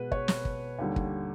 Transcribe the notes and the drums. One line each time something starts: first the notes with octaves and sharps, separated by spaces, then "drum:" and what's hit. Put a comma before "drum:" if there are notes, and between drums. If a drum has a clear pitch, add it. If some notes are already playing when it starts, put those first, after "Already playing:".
Already playing: B2 G#3 B3 B4
C#5, drum: kick
drum: snare
drum: kick
D#2 D3 G3
drum: kick